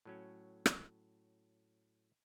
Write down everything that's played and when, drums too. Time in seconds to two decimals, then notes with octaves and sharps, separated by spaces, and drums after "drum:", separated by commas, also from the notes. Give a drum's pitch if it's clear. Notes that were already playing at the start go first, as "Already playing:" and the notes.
0.05 A2 F#3 C#4
0.66 drum: rim click